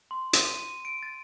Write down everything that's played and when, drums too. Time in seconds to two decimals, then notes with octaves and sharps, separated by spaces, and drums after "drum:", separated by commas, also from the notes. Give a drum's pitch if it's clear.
0.11 C6
0.33 D#7, drum: hi-hat
0.55 D#7
0.85 D7
1.03 A6